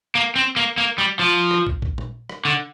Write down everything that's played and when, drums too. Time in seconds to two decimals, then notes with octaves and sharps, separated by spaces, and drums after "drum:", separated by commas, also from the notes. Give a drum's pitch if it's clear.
0.15 A#3
0.36 C4
0.56 A#3
0.78 A#3
0.98 G3
1.19 F3
1.51 drum: rim click
1.67 drum: kick
1.82 drum: kick
1.98 drum: tom
2.29 drum: rim click
2.45 D3